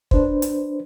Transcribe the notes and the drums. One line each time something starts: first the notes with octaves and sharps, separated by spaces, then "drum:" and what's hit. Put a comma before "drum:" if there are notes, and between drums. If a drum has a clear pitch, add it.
D4 B4 C5, drum: kick
drum: hi-hat